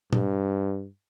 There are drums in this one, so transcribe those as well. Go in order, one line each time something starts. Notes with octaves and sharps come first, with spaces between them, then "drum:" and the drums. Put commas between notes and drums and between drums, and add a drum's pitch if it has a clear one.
G2, drum: tom A#2